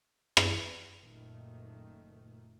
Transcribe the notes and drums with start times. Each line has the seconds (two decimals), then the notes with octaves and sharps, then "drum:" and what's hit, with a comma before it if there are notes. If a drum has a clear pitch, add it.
0.37 drum: rim click
0.99 F#1 A#2 D#3 A3